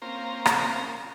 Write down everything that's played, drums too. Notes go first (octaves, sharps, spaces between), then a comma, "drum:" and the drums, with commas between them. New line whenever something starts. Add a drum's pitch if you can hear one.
A#3 C4 C#4 F4 C5 A#5
drum: rim click